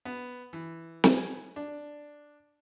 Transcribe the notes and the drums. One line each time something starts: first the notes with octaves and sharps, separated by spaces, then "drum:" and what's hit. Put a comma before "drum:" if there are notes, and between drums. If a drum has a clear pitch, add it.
B3
E3
drum: snare
G#5
D4